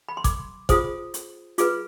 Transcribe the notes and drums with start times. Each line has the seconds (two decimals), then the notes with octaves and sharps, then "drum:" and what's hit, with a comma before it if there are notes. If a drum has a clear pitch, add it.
0.09 B5
0.17 C6
0.24 D6, drum: kick, hi-hat
0.69 F4 G#4 C5 D#6, drum: kick, hi-hat
1.14 drum: hi-hat
1.58 F4 G#4 B4 D6, drum: hi-hat